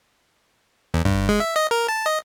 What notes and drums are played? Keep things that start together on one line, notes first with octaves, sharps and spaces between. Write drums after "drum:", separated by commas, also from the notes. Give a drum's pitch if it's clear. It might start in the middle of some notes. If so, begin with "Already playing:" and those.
E2
G2, drum: kick
G#3
E5
D#5
A#4
A5
D#5